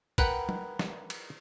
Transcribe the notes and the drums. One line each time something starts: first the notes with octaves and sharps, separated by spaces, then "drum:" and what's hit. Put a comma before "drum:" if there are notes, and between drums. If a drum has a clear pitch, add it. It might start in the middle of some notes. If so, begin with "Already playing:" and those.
A#4 B4 F#5 G5, drum: kick, cymbal
drum: tom
drum: snare
drum: cymbal